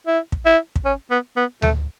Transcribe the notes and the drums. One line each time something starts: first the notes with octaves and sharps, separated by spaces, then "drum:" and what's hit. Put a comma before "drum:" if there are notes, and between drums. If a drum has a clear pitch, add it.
E4
drum: kick
E4
drum: kick
C#4
B3
B3
A3, drum: tom D2